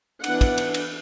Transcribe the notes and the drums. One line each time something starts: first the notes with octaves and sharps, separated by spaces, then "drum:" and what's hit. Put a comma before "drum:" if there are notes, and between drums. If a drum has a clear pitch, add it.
E3 B3 D4 F#5, drum: cymbal
drum: kick, cymbal
drum: cymbal
drum: cymbal